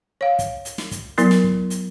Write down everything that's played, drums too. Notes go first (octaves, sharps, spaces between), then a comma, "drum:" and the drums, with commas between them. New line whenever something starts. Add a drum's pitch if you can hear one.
C#5 F5
drum: kick, hi-hat
drum: hi-hat
drum: snare
drum: kick, hi-hat
F#3 B3 E4 A#4, drum: hi-hat
drum: snare
drum: kick
drum: hi-hat